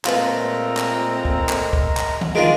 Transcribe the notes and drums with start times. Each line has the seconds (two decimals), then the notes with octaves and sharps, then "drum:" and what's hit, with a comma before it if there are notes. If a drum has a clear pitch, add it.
0.05 A#2 G#3 A3 C4 F4 A#4 B4 A#5, drum: clap
0.77 drum: clap
1.25 drum: kick
1.49 drum: clap
1.73 drum: kick
1.97 drum: clap
2.21 drum: tom
2.35 D#3 G#3 D4 F4